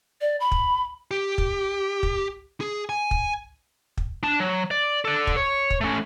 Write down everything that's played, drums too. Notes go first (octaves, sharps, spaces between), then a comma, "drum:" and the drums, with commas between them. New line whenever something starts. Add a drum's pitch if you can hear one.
D5
B5
drum: kick
G4
drum: kick
drum: kick
G#4
G#5
drum: kick
drum: kick
D4 A5
F#3
D5
A4 D5
drum: kick
C#5
drum: kick
A3 C#4